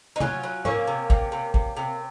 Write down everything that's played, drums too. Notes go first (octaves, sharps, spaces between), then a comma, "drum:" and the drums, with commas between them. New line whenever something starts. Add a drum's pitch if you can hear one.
D#4
F#3 C#4 F4, drum: tom
F#3
C3 A#3 C#4, drum: tom G#2
C3
C3, drum: kick
C3
C3, drum: kick
C3